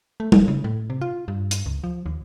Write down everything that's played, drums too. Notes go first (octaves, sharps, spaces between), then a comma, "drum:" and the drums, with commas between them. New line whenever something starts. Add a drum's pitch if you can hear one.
A3
F1, drum: tom
C#3
A2
C3
F4
G2
drum: hi-hat
C#2
F3
D#2